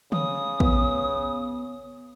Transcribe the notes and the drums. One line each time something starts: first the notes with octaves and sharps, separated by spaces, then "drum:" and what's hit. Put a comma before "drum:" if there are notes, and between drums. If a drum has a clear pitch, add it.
C#3 D#6, drum: tom
B3, drum: kick